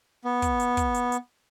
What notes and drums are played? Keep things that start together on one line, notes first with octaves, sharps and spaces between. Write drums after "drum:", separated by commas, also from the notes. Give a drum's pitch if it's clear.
B3
drum: kick, hi-hat
drum: hi-hat
drum: kick, hi-hat
drum: hi-hat
drum: hi-hat